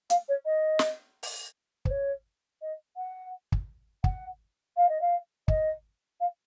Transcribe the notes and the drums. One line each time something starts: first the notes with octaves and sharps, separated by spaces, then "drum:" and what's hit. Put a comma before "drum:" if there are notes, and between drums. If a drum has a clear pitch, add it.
F5, drum: hi-hat
C#5
D#5
drum: snare
drum: open hi-hat
C5, drum: kick
C#5
D#5
F#5
drum: kick
F#5, drum: kick
F5
D#5
F5
D#5, drum: kick
F5